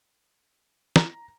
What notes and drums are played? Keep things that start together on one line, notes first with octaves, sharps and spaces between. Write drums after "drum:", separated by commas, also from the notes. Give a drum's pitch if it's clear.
A#5, drum: snare